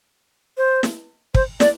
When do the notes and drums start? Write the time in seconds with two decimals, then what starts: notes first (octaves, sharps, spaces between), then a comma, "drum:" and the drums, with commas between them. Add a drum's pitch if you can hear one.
0.57 C5
0.83 drum: snare
1.34 C5, drum: kick
1.60 D5, drum: snare